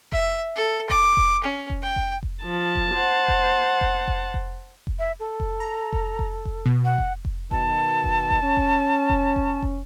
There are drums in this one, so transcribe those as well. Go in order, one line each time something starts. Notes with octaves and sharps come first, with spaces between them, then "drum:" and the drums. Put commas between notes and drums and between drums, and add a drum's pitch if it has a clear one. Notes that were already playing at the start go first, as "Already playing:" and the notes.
E5, drum: kick F1
A4
D6, drum: kick F1
drum: kick F1
C#4
drum: kick F1
G5
drum: kick F1
drum: kick F1
F3 A5
drum: kick F1
C5 F#5
drum: kick F1
drum: kick F1
drum: kick F1
drum: kick F1
drum: kick F1
E5
A4
drum: kick F1
A#5
drum: kick F1
drum: kick F1
drum: kick F1
B2
F#5
drum: kick F1
drum: kick F1
B2 D#3 A5, drum: kick F1
drum: kick F1
drum: kick F1
C#4
drum: kick F1
drum: kick F1
drum: kick F1
drum: kick F1